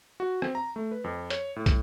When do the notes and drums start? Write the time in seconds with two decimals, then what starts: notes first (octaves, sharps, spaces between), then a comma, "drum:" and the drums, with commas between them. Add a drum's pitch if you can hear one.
0.20 F#4
0.42 C4, drum: rim click
0.55 A#5
0.76 A3
0.91 B4
1.04 F2
1.30 C#5, drum: hi-hat
1.56 A2
1.66 drum: kick, hi-hat